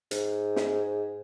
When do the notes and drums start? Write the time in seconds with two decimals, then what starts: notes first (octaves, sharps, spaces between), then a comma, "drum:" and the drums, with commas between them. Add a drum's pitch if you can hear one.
0.11 G#2, drum: hi-hat
0.56 drum: snare